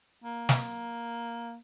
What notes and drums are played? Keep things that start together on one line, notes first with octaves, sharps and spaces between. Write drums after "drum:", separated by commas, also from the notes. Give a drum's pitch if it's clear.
A#3
drum: snare